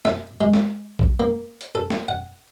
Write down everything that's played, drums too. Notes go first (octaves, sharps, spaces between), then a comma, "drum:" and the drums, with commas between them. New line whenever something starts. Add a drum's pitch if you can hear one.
E5, drum: snare
G#3
drum: snare
drum: kick A#1
A#3
drum: hi-hat
A4
drum: snare
F#5